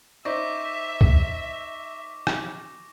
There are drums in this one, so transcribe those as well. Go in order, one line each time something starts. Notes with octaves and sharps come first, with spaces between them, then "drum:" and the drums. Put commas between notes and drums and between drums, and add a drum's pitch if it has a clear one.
D#4 C5 D5 E5 C#6 D6 A#6
drum: kick C#2
drum: rim click